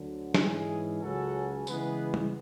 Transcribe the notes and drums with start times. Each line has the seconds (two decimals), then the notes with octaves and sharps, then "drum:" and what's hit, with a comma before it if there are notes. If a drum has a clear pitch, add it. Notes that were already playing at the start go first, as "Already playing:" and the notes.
Already playing: D2 D3 F#3
0.34 G#2 E3 G#3 C#4 G#4, drum: snare
1.01 C#2 C#3 F#3 C#4 F#4 A4
1.67 C#3 E3 G#3 B3 G#4 B4, drum: tambourine
2.14 drum: tom